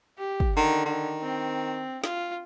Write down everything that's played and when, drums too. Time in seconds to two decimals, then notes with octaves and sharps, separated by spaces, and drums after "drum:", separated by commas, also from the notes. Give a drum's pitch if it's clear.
0.18 G4
0.40 drum: kick
0.57 D3 D#3
0.86 D#3
1.22 C4
2.04 F4, drum: snare